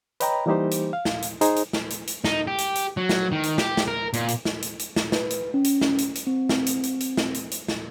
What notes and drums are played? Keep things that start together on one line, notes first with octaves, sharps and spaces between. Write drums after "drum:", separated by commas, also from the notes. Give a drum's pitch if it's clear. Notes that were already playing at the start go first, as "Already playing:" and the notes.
B4 C#5 D#5 G5 A#5 B5, drum: hi-hat
E3 G3 A#3 D#4 G4 C5
drum: hi-hat
F5
drum: snare
drum: hi-hat
D#4 G#4 C5, drum: hi-hat
drum: hi-hat
drum: snare
drum: hi-hat
drum: hi-hat
D#4, drum: snare
G4
drum: hi-hat
drum: hi-hat
F#3
drum: snare
D#3
drum: hi-hat
G4, drum: snare
drum: snare
A#4
A#2, drum: hi-hat
drum: hi-hat
drum: snare
drum: hi-hat
drum: hi-hat
drum: snare
B4, drum: snare
drum: hi-hat
C#4
drum: hi-hat
drum: snare
drum: hi-hat
drum: hi-hat
C4
drum: snare
drum: hi-hat
drum: hi-hat
drum: hi-hat
drum: snare
drum: hi-hat
drum: hi-hat
drum: snare